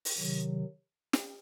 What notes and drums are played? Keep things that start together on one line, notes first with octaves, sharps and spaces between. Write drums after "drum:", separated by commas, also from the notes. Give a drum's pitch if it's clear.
drum: open hi-hat
C3 D#3 F#3
drum: snare